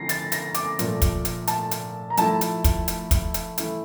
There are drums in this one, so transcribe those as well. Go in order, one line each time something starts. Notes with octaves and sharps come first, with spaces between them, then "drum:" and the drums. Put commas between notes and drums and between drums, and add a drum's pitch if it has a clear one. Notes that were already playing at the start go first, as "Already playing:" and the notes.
Already playing: D3 F3 C4 E4 A#6 C7
A6, drum: hi-hat
A#6, drum: hi-hat
D6, drum: hi-hat
A#2 F3 A3, drum: hi-hat
drum: kick, hi-hat
drum: hi-hat
A5, drum: hi-hat
drum: hi-hat
A#5
F3 A3 E4 A5, drum: hi-hat
drum: hi-hat
drum: kick, hi-hat
drum: hi-hat
drum: kick, hi-hat
drum: hi-hat
E3 A3 E4, drum: hi-hat